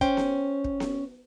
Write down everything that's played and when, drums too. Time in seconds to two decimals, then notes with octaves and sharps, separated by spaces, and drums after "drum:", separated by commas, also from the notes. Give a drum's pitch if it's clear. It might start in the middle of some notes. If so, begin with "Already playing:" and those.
0.01 C#4 C5 G5, drum: kick
0.17 drum: snare B3
0.64 drum: kick
0.80 drum: snare B3